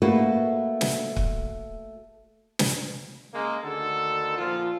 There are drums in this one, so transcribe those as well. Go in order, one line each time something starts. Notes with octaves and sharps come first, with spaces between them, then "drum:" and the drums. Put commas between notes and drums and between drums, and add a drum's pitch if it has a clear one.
A3 A#3 F#4 B4
drum: snare
drum: kick
drum: snare
C#3 G#3 A#3
D2 D3 D#3 A4
A#2 F3 F4